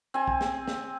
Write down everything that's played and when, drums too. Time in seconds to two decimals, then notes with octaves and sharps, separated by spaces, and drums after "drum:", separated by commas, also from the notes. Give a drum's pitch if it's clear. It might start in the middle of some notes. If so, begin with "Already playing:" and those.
0.14 C4 G#5
0.27 drum: kick A#1
0.41 drum: snare
0.68 drum: snare